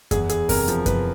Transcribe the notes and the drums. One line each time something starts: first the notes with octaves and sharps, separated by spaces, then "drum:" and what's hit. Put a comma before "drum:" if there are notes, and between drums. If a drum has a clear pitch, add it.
E2 G#4, drum: kick F#2, hi-hat
E2 G#4, drum: hi-hat
C3 A#4, drum: kick F#2, open hi-hat
F3, drum: hi-hat
C3 B4, drum: kick F#2, hi-hat